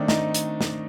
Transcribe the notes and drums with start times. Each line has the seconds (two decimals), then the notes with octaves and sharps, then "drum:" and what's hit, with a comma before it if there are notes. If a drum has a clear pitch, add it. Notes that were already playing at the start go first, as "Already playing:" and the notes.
Already playing: D#3 A3 C4 D4
0.08 D#4, drum: snare
0.35 drum: hi-hat
0.61 drum: snare